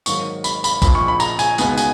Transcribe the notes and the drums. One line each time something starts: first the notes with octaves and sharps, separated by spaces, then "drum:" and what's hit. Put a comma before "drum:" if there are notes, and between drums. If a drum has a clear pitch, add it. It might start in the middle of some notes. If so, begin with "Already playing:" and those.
G#2 D#3 F#3 A#3 C#6, drum: tambourine
B5, drum: tambourine
B5, drum: tambourine
A#1 A#2 F3 B5, drum: kick, tambourine
C#6
B5
A#5, drum: tambourine
G#5, drum: tambourine
C#2 B2 G#3 B3 D#4 G#5, drum: tambourine
G#5, drum: tambourine